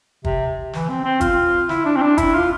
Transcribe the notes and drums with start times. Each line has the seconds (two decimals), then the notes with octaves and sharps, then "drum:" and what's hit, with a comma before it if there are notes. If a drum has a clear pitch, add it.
0.25 C3, drum: kick
0.73 E3, drum: snare
0.90 C4
1.05 C4
1.21 F4, drum: kick, hi-hat
1.69 E4, drum: snare
1.85 D4
1.96 C4
2.02 D4
2.18 E4, drum: kick, hi-hat
2.35 F4